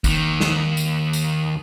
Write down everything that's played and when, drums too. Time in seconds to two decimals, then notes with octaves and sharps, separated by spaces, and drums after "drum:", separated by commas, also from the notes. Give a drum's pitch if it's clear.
0.04 D#2 D#3, drum: kick, tambourine
0.41 drum: snare
0.77 drum: tambourine
1.13 drum: tambourine